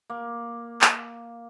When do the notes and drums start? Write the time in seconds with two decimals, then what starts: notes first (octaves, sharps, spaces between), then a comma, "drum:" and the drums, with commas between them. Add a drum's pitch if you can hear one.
0.10 A#3
0.81 drum: clap